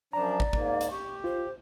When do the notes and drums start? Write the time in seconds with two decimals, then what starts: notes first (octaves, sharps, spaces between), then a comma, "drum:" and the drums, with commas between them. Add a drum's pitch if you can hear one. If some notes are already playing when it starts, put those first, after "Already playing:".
0.13 F#2 F3 D4 D5 A#5
0.40 drum: kick
0.53 G#2 A#3, drum: kick
0.81 drum: hi-hat
0.91 G4 C#6
1.24 F4 C5